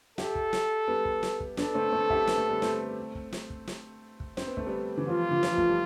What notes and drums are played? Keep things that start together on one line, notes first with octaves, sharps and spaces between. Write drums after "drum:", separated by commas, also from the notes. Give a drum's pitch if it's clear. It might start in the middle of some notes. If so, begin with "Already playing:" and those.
E4 G4 A4, drum: snare
drum: kick
drum: snare
G3 B3
drum: kick
drum: snare
drum: kick
B3 D4 A4, drum: snare
A3 C4
A3 C4
E4 G4, drum: kick
B3, drum: snare
A3
G3 B3
A3 C4, drum: snare
drum: kick
drum: snare
drum: kick
drum: snare
drum: kick
C4, drum: snare
B3
A3, drum: kick
G3 B3
E3
F3 F4
E3
F3, drum: snare
A3, drum: kick
G3